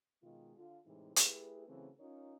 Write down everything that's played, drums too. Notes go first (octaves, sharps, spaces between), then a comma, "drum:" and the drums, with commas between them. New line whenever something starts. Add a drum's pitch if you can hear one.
B2 D#3 G#3 F4
D3 F4
A2 C3 E3 G#3 D#4
A3 E4 G4 G#4 B4, drum: hi-hat
C#3 E3 F#3 A3 C4
C#4 D#4 F4 A#4 C#5